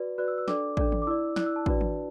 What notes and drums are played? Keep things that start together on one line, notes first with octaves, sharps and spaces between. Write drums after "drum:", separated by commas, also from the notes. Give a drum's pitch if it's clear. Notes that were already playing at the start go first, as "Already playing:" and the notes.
Already playing: F#4 B4 D5
F#4 B4 D5 F#6
E6
E6
D4 A4 D5 D6, drum: snare
D4 A4 D5, drum: kick
drum: tom
D6
E4 D5 E6
E4 D5 F#6, drum: snare
E6
A5
D4 F#4 B4 D5, drum: kick
drum: tom